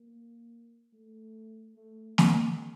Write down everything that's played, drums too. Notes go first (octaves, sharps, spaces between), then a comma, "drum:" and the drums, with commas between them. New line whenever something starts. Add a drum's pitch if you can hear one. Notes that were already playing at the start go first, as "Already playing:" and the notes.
Already playing: A#3
A3
A3
G#3, drum: snare